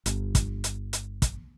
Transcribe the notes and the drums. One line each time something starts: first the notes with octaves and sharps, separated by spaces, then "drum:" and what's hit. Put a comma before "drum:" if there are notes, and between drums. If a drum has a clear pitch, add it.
G1, drum: hi-hat
drum: kick, hi-hat
drum: hi-hat
drum: hi-hat
drum: kick, hi-hat